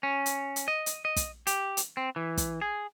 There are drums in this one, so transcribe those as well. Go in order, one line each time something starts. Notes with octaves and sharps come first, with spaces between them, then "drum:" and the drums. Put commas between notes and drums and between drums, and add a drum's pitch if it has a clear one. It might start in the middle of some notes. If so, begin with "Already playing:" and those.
C#4
drum: hi-hat
drum: hi-hat
D#5
drum: hi-hat
D#5
drum: kick, hi-hat
G4, drum: hi-hat
drum: hi-hat
C4
E3
drum: kick, hi-hat
G#4